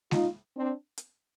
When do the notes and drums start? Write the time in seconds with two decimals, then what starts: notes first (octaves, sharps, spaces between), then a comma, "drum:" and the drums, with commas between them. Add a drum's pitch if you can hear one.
0.11 D#4 F4, drum: snare G#3
0.57 C4 D4
0.98 drum: hi-hat